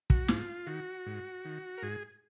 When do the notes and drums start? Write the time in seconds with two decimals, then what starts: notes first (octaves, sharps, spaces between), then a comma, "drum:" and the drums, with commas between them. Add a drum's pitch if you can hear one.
0.10 F#4, drum: kick
0.28 G#2 F4, drum: snare
0.67 D#3 F#4
1.06 G#2
1.45 D#3
1.78 A#4
1.83 G#2 G#4